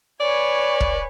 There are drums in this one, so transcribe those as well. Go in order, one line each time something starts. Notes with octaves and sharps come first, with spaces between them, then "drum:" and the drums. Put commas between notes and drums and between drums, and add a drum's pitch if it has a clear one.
B4 C#5 D5 G#5
drum: kick